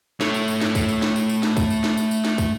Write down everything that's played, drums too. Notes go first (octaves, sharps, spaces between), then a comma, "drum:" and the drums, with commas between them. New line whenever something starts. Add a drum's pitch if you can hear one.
A3 C#5, drum: snare
drum: tambourine
drum: tambourine
drum: snare
drum: kick, tambourine
drum: tambourine
drum: snare
drum: tambourine
drum: tambourine
drum: snare
drum: kick, tambourine
drum: tambourine
drum: snare
drum: tambourine
drum: tambourine
drum: snare
drum: kick, tambourine